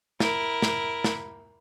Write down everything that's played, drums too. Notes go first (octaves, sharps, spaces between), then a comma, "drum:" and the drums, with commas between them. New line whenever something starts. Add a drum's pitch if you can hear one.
E4 A#4, drum: snare
drum: snare
drum: snare